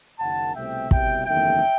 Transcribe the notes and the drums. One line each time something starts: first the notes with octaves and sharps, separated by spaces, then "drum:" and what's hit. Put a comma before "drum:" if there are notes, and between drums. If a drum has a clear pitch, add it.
F#1 F#2 D#3 F#5 A5
C2 B2 A3 C4 E5 G5
C2 B2 G3 E5 G5, drum: kick
F#1 E2 D#3 A3 E5 G5